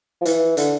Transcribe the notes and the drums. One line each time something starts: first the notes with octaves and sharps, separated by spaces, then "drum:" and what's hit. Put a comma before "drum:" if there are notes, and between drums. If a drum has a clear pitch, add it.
F3
E3, drum: hi-hat
D3, drum: hi-hat